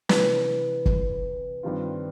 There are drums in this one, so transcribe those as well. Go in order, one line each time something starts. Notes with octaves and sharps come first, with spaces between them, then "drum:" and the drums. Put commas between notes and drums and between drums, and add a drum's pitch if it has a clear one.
C3 E3 G3 B4, drum: snare
drum: kick
G2 D#3 G3 C4 F4